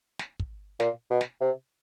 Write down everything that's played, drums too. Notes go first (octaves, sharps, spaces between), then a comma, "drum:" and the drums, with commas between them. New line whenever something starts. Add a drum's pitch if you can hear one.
drum: snare
drum: kick
A#2, drum: snare
B2
drum: snare
C3